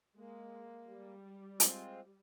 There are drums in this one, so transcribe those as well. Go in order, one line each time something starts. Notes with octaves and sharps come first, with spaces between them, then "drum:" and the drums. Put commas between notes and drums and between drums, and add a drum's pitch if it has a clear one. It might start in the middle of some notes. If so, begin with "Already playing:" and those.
G#3 A#3
G3
G#3 C4 F4, drum: hi-hat